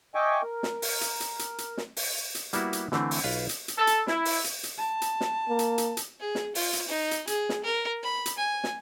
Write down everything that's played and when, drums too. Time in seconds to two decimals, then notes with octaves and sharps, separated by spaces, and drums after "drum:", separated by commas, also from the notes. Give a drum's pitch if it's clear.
0.15 D#5 E5 G5 G#5 C#6 D6
0.42 A#4
0.63 drum: snare
0.82 drum: open hi-hat
1.01 drum: hi-hat
1.20 drum: hi-hat
1.39 drum: hi-hat
1.58 drum: hi-hat
1.77 drum: snare
1.97 drum: open hi-hat
2.35 drum: hi-hat
2.53 G3 A#3 B3 E4 F#4, drum: hi-hat
2.73 drum: hi-hat
2.92 D3 E3 A3 C4, drum: snare
3.11 drum: open hi-hat
3.24 B1 F4 B4 F5
3.49 drum: hi-hat
3.68 drum: hi-hat
3.78 A4
3.87 drum: hi-hat
4.07 E4, drum: snare
4.25 drum: open hi-hat
4.44 drum: hi-hat
4.63 drum: hi-hat
4.78 A5
5.02 drum: hi-hat
5.21 drum: snare
5.49 A#3
5.59 drum: hi-hat
5.78 drum: hi-hat
5.97 drum: hi-hat
6.20 G#4
6.35 drum: snare
6.55 F4, drum: open hi-hat
6.73 drum: hi-hat
6.88 D#4
7.11 drum: hi-hat
7.27 G#4, drum: hi-hat
7.49 drum: snare
7.64 A#4
8.03 B5
8.26 drum: hi-hat
8.38 G#5
8.64 drum: snare